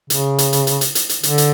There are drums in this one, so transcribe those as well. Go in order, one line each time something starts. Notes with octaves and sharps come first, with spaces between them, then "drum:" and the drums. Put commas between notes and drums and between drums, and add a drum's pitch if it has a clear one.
C#3, drum: hi-hat
drum: hi-hat
drum: hi-hat
drum: hi-hat
drum: hi-hat
drum: hi-hat
drum: hi-hat
D3, drum: hi-hat
drum: hi-hat